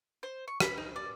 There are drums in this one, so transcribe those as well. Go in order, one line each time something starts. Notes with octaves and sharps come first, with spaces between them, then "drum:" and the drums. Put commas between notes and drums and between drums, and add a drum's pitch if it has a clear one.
C5
C#6
B5, drum: rim click
D#4
D5